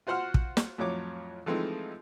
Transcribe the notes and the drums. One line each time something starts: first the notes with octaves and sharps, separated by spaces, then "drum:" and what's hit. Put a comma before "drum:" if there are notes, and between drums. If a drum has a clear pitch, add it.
F4 F#4 C5 F#5 C6 F6
drum: kick
drum: snare
F2 A2 F3 F#3 C#5 D6
E3 F3 G#3 A3 C4 D#4